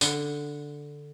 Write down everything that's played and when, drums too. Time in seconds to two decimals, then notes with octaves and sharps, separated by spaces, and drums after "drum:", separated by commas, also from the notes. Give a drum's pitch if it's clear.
0.01 D3, drum: tambourine